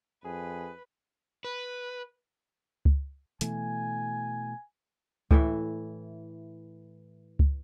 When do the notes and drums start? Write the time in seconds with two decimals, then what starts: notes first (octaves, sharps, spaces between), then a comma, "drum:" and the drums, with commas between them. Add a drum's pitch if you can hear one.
0.25 F2 G#4 B4
1.44 B4
2.85 drum: kick C#2
3.41 B2 E3 A3 G#5, drum: hi-hat
5.31 A2 E3 E5, drum: kick C#2
7.39 drum: kick C#2